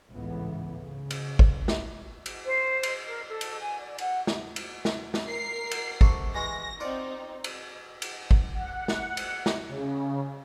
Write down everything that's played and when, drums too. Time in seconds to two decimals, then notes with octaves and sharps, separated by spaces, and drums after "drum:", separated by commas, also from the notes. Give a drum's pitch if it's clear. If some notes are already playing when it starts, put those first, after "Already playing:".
0.11 G#1 C#2 A2 E3 B3
0.82 C#3
1.10 drum: cymbal
1.39 drum: kick
1.68 drum: snare
2.26 drum: cymbal
2.45 C5
2.83 drum: cymbal
3.07 A#4
3.28 A4
3.41 drum: cymbal
3.61 G#5
3.79 D5
3.98 F#5, drum: cymbal
4.27 drum: snare
4.56 drum: cymbal
4.85 drum: snare
5.14 drum: snare
5.28 A#4 C7
5.71 drum: cymbal
6.01 C3 F#4 A4, drum: kick
6.35 E3 G#3 F#4 A#6
6.80 C4 D#4 F4 D5 F#5
7.44 drum: cymbal
8.02 drum: cymbal
8.31 drum: kick
8.54 F#5
8.88 drum: snare
9.17 drum: cymbal
9.46 drum: snare
9.69 C#3